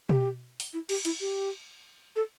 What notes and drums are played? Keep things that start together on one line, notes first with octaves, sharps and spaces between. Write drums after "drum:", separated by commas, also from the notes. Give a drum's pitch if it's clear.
G4, drum: tom B2
drum: open hi-hat
E4
G4, drum: cymbal
E4, drum: hi-hat
G4
A4